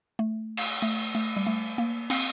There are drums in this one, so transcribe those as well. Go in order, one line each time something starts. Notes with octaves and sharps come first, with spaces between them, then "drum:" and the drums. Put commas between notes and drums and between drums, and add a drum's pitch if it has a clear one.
A3
drum: cymbal
A3
A3
G3
A3
A#3
C4, drum: cymbal